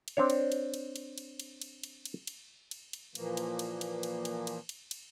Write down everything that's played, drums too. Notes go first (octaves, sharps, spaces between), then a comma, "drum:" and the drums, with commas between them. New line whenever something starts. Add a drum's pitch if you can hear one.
drum: cymbal
C4 D4 C#5
drum: cymbal
drum: cymbal
drum: cymbal
drum: cymbal
drum: cymbal
drum: cymbal
drum: cymbal
drum: cymbal
drum: cymbal
drum: cymbal
drum: cymbal
drum: cymbal
A#2 E3 F3 A#3, drum: cymbal
drum: cymbal
drum: cymbal
drum: cymbal
drum: cymbal
drum: cymbal
drum: cymbal
drum: cymbal
drum: cymbal